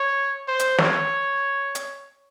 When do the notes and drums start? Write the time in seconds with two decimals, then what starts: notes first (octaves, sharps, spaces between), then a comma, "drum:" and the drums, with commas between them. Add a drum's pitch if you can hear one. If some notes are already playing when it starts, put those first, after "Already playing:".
Already playing: C#5
0.48 C5
0.59 drum: hi-hat
0.78 C#5, drum: snare
1.75 drum: hi-hat